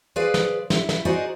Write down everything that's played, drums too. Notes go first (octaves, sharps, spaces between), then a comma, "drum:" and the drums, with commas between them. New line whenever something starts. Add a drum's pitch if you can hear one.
G#4 B4 C5 D5 F5
drum: snare
E4, drum: snare
drum: snare
D#4 F#4 G#4 C5 D5 D#5